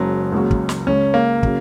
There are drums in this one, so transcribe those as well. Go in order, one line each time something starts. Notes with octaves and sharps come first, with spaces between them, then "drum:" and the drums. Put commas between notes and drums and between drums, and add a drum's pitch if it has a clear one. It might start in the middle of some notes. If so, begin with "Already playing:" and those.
Already playing: F#1 F#2 C#3 F#3 G#3
C#2 C#3 A#3 F#4
drum: kick
drum: snare
C#2 C#3 G#3 C#4
A#3
C#3 F#3 C#4, drum: kick